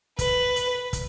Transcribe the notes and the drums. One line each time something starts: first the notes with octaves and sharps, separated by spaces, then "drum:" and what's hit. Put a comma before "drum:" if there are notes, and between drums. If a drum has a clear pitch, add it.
B4, drum: kick, hi-hat
drum: hi-hat
drum: kick, hi-hat